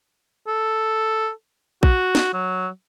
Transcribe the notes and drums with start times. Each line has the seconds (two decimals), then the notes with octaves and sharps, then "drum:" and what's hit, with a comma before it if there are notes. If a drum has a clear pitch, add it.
0.48 A4
1.83 F#4, drum: kick A#1
2.15 drum: snare
2.34 F#3